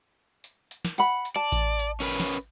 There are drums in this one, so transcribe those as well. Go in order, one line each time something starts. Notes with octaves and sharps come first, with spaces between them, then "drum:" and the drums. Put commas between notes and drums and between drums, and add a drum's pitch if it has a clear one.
drum: hi-hat
drum: hi-hat
drum: snare
F#5 B5, drum: hi-hat
drum: hi-hat
D5 A5
drum: kick A1, hi-hat
drum: hi-hat
C#4 A#4 B4
drum: snare
drum: hi-hat